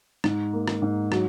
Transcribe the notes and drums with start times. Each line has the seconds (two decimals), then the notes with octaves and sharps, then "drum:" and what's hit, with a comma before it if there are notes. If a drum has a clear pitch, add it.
0.24 G#2, drum: rim click
0.53 A#3
0.68 drum: rim click
0.82 G#2
1.12 F#3, drum: rim click